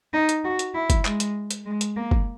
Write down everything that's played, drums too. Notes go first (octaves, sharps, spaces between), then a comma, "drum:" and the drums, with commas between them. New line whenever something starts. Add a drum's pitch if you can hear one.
D#4
drum: hi-hat
F#4
drum: hi-hat
E4
drum: kick, hi-hat
G#3, drum: clap
drum: hi-hat
drum: hi-hat
G#3
drum: hi-hat
A#3
drum: kick